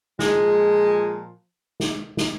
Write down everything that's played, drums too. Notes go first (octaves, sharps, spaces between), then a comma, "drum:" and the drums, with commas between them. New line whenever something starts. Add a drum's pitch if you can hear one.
A#2 F3 G#3, drum: snare
drum: snare
drum: snare